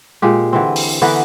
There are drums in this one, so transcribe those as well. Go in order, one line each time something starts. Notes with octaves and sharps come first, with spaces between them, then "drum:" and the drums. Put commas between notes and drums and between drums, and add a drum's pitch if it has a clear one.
A#2 G#3 G4
D3 E3 C4
drum: open hi-hat
D3 E3 B3 A#4